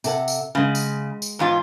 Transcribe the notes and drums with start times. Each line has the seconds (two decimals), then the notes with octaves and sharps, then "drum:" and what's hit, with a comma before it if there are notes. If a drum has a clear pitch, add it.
0.04 C3 A4 F#5, drum: tambourine
0.28 drum: tambourine
0.55 C#3 G#3 F#4
0.75 drum: tambourine
1.22 drum: tambourine
1.39 E2 G#2 F4